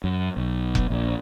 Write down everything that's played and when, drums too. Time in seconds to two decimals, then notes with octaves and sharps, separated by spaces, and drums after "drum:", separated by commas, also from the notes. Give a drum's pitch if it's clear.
0.04 F#2
0.37 B1
0.75 drum: kick F1
0.90 A#1